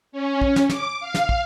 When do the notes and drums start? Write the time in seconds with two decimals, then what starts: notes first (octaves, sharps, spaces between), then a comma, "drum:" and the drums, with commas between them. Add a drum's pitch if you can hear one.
0.12 C#4
0.41 drum: kick
0.56 drum: snare
0.69 D6, drum: snare
1.00 F5
1.14 drum: snare
1.29 drum: kick